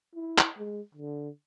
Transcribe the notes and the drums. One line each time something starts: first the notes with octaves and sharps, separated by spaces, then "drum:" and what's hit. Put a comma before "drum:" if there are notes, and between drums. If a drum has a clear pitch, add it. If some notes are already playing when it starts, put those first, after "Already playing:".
E4
drum: clap
G#3
D3